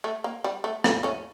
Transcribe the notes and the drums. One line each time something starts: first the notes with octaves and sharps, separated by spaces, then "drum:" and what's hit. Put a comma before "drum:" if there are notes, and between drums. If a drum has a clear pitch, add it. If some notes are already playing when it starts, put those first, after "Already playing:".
A3
A#3
G3
A3
A#3, drum: rim click
A3 C#4